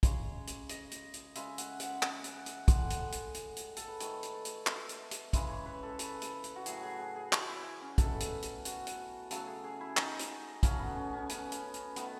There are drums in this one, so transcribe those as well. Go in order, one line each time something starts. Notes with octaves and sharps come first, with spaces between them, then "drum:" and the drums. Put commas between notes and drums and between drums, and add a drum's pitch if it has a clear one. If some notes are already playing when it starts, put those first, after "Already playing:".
C#3 G#3 C#5, drum: kick, hi-hat
drum: hi-hat
D#5, drum: hi-hat
drum: hi-hat
drum: hi-hat
C#3 G#3 E5, drum: hi-hat
F#5, drum: hi-hat
F#5, drum: hi-hat
F#5, drum: clap
drum: hi-hat
drum: hi-hat
A2 G#3 F#5, drum: kick, hi-hat
drum: hi-hat
drum: hi-hat
drum: hi-hat
drum: hi-hat
A4, drum: hi-hat
B4
D#3 A3 C#5, drum: hi-hat
drum: hi-hat
drum: hi-hat
E5, drum: clap
drum: hi-hat
drum: hi-hat
C#3 E3 G#3 E5, drum: kick, hi-hat
C#5
B4
A4
B4, drum: hi-hat
drum: hi-hat
drum: hi-hat
F#4
A2 F#3 A3 G#4, drum: hi-hat
G#4
G#4
G#4
E4, drum: clap
E4
C#4
B2 F#3 A3 A4, drum: kick, hi-hat
drum: hi-hat
drum: hi-hat
F#4, drum: hi-hat
drum: hi-hat
C#3 F#3 A3 A4, drum: hi-hat
G#4
G#4
E4
D#4, drum: clap
drum: hi-hat
C#3 F#3 A3 C#4, drum: kick, hi-hat
B3
C#4
C#4
B3, drum: hi-hat
drum: hi-hat
drum: hi-hat
D#3 A3 B3, drum: hi-hat